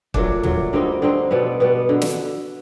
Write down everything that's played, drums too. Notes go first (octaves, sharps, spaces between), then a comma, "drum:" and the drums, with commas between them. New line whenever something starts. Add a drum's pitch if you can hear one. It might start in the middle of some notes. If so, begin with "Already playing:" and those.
A#2 F#3 A3 D4, drum: kick
A#2 F#3 A3 D4, drum: tom
D3 G3 C4 D#4
D3 G3 C4 D#4
B2 G3 B3
B2 G3 B3
D3
drum: snare